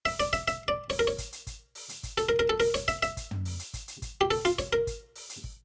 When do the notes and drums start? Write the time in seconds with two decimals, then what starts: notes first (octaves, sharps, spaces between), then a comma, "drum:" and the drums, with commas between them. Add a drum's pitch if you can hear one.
0.05 E5, drum: open hi-hat
0.20 D5, drum: hi-hat
0.33 E5, drum: kick, hi-hat
0.48 E5, drum: hi-hat
0.68 D5
0.90 C#5, drum: open hi-hat
0.99 A#4
1.07 C#5
1.18 drum: kick, hi-hat
1.32 drum: hi-hat
1.47 drum: kick, hi-hat
1.75 drum: open hi-hat
1.89 drum: hi-hat
2.03 drum: kick, hi-hat
2.18 A4, drum: hi-hat
2.29 A#4
2.39 A#4
2.49 A4
2.60 A#4, drum: open hi-hat
2.74 C#5, drum: hi-hat
2.88 E5, drum: kick, hi-hat
3.03 E5, drum: hi-hat
3.17 drum: kick, hi-hat
3.31 drum: tom
3.45 drum: open hi-hat
3.59 drum: hi-hat
3.74 drum: kick, hi-hat
3.88 drum: hi-hat
4.02 drum: kick, hi-hat
4.21 G4
4.31 A4, drum: open hi-hat
4.45 F4, drum: hi-hat
4.59 C#5, drum: kick, hi-hat
4.73 A#4
4.87 drum: kick, hi-hat
5.15 drum: open hi-hat
5.30 drum: hi-hat
5.44 drum: kick